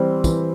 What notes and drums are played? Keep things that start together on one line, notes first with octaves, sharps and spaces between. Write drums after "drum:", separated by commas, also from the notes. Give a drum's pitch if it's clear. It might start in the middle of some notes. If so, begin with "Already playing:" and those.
Already playing: E3 G3 C4
E3, drum: kick, tambourine